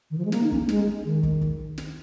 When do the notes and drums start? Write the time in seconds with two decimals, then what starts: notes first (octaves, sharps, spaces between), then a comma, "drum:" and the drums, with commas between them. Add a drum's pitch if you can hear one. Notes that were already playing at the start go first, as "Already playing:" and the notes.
0.11 D#3
0.18 F3
0.25 G#3
0.32 A#3, drum: snare
0.43 D#4
0.52 C#4, drum: kick
0.60 A#3
0.69 G#3, drum: snare
1.05 D#3
1.23 drum: kick
1.41 drum: kick
1.78 drum: snare